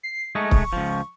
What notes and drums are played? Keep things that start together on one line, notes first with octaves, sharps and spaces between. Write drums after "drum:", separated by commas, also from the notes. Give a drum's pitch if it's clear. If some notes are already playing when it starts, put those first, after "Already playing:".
C7
G#3 A3 D#4 C#6
drum: kick C#1
C#2 F3